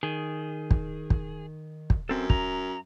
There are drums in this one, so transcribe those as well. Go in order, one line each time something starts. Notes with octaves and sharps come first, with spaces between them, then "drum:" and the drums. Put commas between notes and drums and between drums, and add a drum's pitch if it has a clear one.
D#3 G#4
drum: kick
drum: kick
drum: kick
F#2 C4 A4
A#5, drum: kick